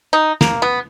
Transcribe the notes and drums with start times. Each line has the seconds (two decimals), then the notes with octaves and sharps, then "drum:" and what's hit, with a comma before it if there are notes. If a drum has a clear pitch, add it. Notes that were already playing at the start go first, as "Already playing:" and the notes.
0.13 D#4
0.41 A#3, drum: snare
0.62 B3